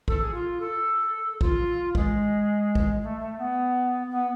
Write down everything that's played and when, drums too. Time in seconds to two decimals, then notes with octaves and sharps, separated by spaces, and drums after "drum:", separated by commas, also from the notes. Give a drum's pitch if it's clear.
0.08 A4, drum: kick
0.21 G#4
0.34 F4
0.60 A4
1.41 F4, drum: kick
1.95 G#3, drum: kick
2.75 drum: kick
3.02 A3
3.20 A3
3.38 B3
4.10 B3